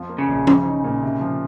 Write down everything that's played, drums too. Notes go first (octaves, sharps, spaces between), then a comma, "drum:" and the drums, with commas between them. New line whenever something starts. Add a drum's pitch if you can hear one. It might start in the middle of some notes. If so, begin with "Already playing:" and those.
Already playing: F2 F3
A#3
C#3
A#1
C4, drum: tom
D#4
A#2
C3
F3